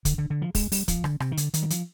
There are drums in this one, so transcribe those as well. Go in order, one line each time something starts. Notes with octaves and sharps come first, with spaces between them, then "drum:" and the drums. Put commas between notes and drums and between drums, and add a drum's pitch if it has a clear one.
D3, drum: kick, hi-hat
D3
D3
F3
G#3, drum: kick, open hi-hat
G3, drum: open hi-hat
F3, drum: kick, hi-hat
D3, drum: rim click
C3, drum: rim click
D#3
D3, drum: hi-hat
D#3, drum: hi-hat
G3
F3, drum: hi-hat